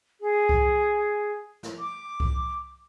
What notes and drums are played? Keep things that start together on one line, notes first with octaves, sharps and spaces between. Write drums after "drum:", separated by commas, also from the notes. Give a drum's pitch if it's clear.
G#4
drum: kick C2
drum: snare
D6
drum: kick C2